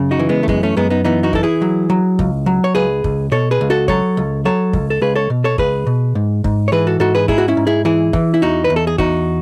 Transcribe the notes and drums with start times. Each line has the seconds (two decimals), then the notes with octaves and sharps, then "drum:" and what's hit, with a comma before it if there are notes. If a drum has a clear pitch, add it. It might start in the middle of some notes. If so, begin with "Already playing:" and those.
Already playing: F#2 C#3
0.11 D#4 F#4
0.19 E3
0.29 G#3 B3
0.43 A3
0.48 F#2 G#3 B3, drum: kick
0.63 A3 C#4
0.77 F#2 G#3 B3
0.90 B3 D#4
1.05 E3 B3 D#4
1.23 D#4 F#4
1.33 E3 A4, drum: kick
1.43 E4 G#4
1.62 F#3
1.90 F#3
2.19 C#2, drum: kick
2.46 F#3
2.64 C#5
2.75 C#2 G#4 B4
3.04 C#2, drum: kick
3.32 B2 A4 C#5
3.51 G#4 B4
3.61 C#2
3.70 F#4 A4
3.88 F#3 A4 C#5, drum: kick
4.17 C#2
4.45 F#3 A4 C#5
4.73 C#2, drum: kick
4.90 A4
5.02 C#2 G#4 B4
5.15 A4 C#5
5.30 B2
5.44 A4 C#5
5.58 C#2 G#4 B4, drum: kick
5.87 B2
6.15 G#2
6.44 G#2, drum: kick
6.68 C#5
6.72 E3 G#4 B4
6.87 F#4 A4
7.00 G#2 F#4 A4
7.15 G#4 B4
7.28 G#2 E4 G#4, drum: kick
7.38 F#4
7.48 C#4 E4
7.57 G#2
7.67 E4 G#4
7.85 E3 E4 G#4
8.13 E3, drum: kick
8.34 E4
8.42 E2 D#4 F#4
8.64 B4
8.70 E2
8.76 A4
8.87 G#4
8.98 E2 D#4 F#4, drum: kick